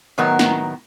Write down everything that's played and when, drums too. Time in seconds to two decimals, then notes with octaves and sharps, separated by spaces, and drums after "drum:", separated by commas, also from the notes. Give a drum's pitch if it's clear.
0.18 A2 D#3 F#3 B3 A#4
0.39 drum: snare